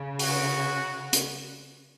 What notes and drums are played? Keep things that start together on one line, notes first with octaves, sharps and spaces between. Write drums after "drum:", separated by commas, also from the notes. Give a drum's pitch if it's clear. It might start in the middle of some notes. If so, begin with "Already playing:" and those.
Already playing: C#3
F#4, drum: open hi-hat
drum: hi-hat